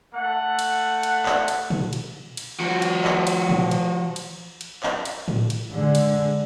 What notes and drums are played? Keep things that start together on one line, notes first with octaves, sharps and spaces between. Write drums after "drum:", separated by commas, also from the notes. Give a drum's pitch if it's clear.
A3 F#5
drum: cymbal
drum: cymbal
drum: clap
drum: cymbal
drum: tom A#2
drum: cymbal
drum: cymbal
F3 F#4
drum: cymbal
drum: clap
drum: cymbal
drum: tom A#2
drum: cymbal
drum: cymbal
drum: cymbal
drum: clap
drum: cymbal
drum: tom A2
drum: cymbal
D3 G#3
drum: cymbal